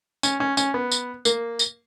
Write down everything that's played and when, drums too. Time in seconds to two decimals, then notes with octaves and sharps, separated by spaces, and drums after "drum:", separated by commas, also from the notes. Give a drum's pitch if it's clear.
0.23 C#4, drum: tambourine
0.40 C#4
0.57 C#4, drum: tambourine
0.74 B3
0.91 drum: tambourine
1.25 A#3, drum: tambourine
1.59 drum: tambourine